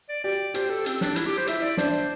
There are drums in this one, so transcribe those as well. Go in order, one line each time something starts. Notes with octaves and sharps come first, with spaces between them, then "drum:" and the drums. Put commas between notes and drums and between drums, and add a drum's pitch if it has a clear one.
D5
G4 D5
G4 C5, drum: hi-hat
A4
C4, drum: hi-hat
D4, drum: snare
E4, drum: hi-hat
G4
C5
E4 E5, drum: hi-hat
D5
D4 C5, drum: snare